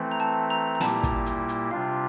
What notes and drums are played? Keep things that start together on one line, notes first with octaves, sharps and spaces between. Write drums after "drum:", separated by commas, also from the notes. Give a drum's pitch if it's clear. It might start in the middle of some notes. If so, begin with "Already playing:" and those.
Already playing: E3 A3 C4
A#5
A5
A#5
A#5
A#2 G3 A#3 E4 G4 A5, drum: snare
drum: kick, hi-hat
drum: hi-hat
drum: hi-hat
C3 G3 D4 F4 F5